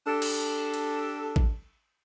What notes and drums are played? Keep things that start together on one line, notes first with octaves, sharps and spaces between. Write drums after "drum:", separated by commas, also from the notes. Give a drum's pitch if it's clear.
D4 G4 A4
drum: cymbal
drum: cymbal
drum: kick A1